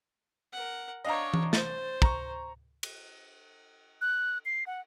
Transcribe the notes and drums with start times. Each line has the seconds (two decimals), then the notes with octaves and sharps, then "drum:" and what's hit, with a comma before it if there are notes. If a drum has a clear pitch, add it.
0.53 A#4 F#5
1.04 D4 C#5 D#5 F5 A#5
1.34 drum: tom E3
1.53 C5 A6, drum: snare
2.02 A#5 C#6, drum: kick
2.83 drum: cymbal
4.01 F#6
4.46 C7
4.67 F#5